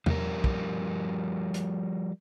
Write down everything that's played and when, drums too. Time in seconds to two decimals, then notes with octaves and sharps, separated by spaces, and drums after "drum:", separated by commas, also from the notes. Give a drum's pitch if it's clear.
0.06 F3 G3 A#4, drum: tom E2
0.44 drum: kick
1.54 drum: hi-hat